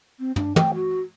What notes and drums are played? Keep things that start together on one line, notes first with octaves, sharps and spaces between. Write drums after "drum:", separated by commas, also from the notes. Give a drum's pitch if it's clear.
C4
D4, drum: tom
G5, drum: tom
F#4